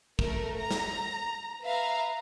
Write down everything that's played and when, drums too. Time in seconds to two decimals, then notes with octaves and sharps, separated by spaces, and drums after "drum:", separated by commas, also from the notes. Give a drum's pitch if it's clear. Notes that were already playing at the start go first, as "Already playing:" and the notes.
0.19 A3 A#4, drum: kick
0.58 A#5
0.71 drum: snare
1.63 B4 E5 F5 A#5